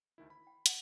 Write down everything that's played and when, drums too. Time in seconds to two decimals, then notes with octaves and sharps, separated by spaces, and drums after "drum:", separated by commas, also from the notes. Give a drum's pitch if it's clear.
0.18 D2 D#3 E4
0.30 B5
0.47 G5
0.66 F#5, drum: hi-hat